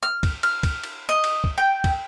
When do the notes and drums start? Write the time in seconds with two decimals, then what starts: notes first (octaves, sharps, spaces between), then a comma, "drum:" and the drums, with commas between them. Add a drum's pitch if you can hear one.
0.03 F6
0.23 drum: kick, cymbal
0.43 F6, drum: cymbal
0.63 drum: kick, cymbal
0.84 drum: cymbal
1.09 D#5
1.24 drum: cymbal
1.44 drum: kick
1.58 G5
1.84 drum: kick, cymbal